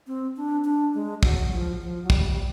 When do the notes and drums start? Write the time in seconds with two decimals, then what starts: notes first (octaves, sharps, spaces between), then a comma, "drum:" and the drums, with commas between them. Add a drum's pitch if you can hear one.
0.07 C4
0.37 D4
0.65 D4
0.94 G#3
1.23 F#3, drum: kick
1.52 F3
1.82 F3
2.04 F#3
2.10 G3, drum: kick
2.31 G3